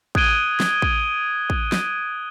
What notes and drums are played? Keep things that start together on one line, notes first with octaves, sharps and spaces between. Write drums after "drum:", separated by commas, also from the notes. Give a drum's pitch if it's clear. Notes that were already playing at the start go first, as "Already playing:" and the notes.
D#6 F#6 G#6 D7 D#7 G7, drum: kick
drum: snare
drum: kick
drum: kick
drum: snare